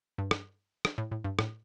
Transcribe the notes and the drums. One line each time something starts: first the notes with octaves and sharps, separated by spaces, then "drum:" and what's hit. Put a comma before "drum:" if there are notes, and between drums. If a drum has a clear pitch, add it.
G2
drum: rim click
drum: rim click
A2
A2
G2
A2, drum: rim click